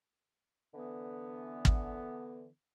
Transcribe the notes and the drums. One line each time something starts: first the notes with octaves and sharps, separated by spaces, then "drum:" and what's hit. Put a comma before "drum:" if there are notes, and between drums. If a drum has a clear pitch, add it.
D3 E3 B3
drum: kick